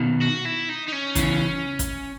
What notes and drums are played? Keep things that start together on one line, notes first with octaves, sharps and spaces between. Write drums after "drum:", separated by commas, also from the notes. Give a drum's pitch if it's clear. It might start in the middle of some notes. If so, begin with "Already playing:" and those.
Already playing: B2 D#3
F#4
E4
D#4
D#4
C#4
C#3 E3, drum: kick, hi-hat
drum: kick, hi-hat